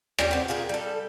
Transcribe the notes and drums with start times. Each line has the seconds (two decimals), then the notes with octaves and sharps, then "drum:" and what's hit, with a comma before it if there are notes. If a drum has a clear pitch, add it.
0.19 G3 C#4 G4, drum: rim click
0.31 B3 C4
0.48 F4 G4 G#4 A#4
0.69 G3 A4